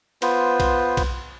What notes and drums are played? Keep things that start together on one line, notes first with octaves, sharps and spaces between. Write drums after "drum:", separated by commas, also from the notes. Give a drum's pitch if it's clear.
B3 F4 B4 C5, drum: cymbal
drum: kick B1, cymbal
drum: kick B1, cymbal